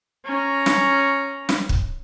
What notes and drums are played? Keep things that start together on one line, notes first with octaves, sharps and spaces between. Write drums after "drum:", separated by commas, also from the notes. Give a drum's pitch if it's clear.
C#4 A#5
drum: snare
drum: snare
drum: kick